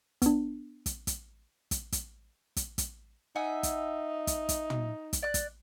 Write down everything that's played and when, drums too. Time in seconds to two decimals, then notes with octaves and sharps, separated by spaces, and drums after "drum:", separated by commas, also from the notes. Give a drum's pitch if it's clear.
0.22 B3 D4, drum: kick, hi-hat
0.86 drum: kick, hi-hat
1.07 drum: kick, hi-hat
1.71 drum: kick, hi-hat
1.92 drum: kick, hi-hat
2.57 drum: kick, hi-hat
2.78 drum: kick, hi-hat
3.36 D#4 E5 F#5 G#5
3.63 drum: kick, hi-hat
4.27 drum: kick, hi-hat
4.49 drum: kick, hi-hat
4.70 drum: tom
5.13 drum: kick, hi-hat
5.22 D5 F#6
5.34 drum: kick, hi-hat